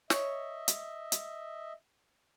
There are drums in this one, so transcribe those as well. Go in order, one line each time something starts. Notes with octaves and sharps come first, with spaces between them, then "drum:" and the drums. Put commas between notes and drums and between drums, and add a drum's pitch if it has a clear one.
C#5 D#5 E5, drum: snare
drum: hi-hat
drum: hi-hat